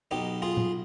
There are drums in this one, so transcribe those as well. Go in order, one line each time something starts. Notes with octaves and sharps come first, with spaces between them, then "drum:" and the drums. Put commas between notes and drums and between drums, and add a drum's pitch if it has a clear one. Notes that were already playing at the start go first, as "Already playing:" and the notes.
B1 B2 D#4 G4
F4 G#4
drum: tom A#2